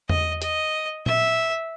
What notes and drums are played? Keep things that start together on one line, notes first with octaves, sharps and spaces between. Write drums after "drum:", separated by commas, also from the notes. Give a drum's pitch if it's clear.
D#5, drum: tom E2
D#5, drum: hi-hat
E5, drum: tom A#2